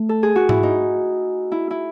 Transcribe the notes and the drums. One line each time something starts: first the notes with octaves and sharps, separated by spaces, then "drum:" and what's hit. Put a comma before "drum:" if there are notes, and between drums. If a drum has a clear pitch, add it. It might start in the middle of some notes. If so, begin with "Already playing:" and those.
Already playing: A3
A4
G#4
F#4
E4, drum: tom G#2
D#4
E4
E4